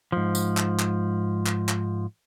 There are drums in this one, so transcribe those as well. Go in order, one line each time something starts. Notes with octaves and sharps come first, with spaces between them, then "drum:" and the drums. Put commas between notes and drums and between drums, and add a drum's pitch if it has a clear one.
G#2 F3
drum: tambourine
drum: clap
drum: clap
drum: clap
drum: clap